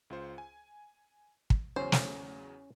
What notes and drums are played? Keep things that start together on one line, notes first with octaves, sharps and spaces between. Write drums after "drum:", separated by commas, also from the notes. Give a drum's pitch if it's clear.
C#2 F4 C5
G#5
drum: kick
E2 C#3 F#3 C#4 C5
drum: snare